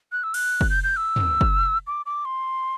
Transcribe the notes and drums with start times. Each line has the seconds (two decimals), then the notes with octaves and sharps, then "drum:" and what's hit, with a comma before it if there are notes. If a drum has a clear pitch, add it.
0.12 F#6
0.23 E6
0.34 F#6, drum: cymbal
0.61 drum: kick
0.70 G6
0.84 G6
0.97 E6
1.16 drum: tom
1.41 drum: kick
1.87 D6
2.06 D6
2.25 C6